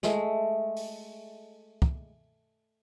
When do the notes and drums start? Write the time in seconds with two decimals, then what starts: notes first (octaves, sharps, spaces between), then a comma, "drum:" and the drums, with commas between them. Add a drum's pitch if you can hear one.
0.03 G#3 A3, drum: snare
0.76 drum: open hi-hat
1.82 drum: kick